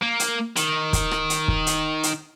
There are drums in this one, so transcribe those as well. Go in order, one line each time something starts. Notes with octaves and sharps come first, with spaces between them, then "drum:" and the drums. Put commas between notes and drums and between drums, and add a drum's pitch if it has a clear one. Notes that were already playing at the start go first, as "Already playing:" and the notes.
A#3
drum: hi-hat
D#3, drum: hi-hat
drum: kick, hi-hat
drum: rim click
drum: hi-hat
drum: kick
drum: hi-hat
drum: hi-hat